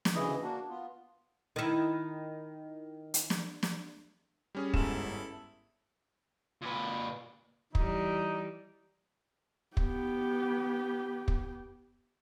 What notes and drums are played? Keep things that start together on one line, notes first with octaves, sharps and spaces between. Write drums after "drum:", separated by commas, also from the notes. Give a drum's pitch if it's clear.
drum: snare
D2 C#3 E3 E4 G#4 D#5
A#3 D4 F#4
B3 F4
D#3 E4
drum: hi-hat
drum: snare
drum: snare
G3 C#4 G#4
G1 G#2 E4 A4 E7, drum: kick
A#2 B4
E3 G3 D#4, drum: kick
B3 G4, drum: kick
drum: kick